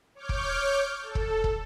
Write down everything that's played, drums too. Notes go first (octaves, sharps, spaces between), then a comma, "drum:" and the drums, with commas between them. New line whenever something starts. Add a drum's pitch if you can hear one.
C#5 D6 F6 G6
drum: kick
A4
drum: kick
drum: kick